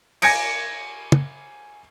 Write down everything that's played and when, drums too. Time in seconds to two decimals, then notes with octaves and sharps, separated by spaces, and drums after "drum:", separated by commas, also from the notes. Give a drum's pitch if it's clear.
0.22 G#5 G#6 A#6 C#7 D7, drum: cymbal
1.12 drum: tom